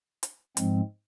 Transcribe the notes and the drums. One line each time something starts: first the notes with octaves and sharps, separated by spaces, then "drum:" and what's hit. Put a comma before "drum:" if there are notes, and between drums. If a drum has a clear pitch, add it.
drum: hi-hat
G#2 F3 G#3 C4, drum: hi-hat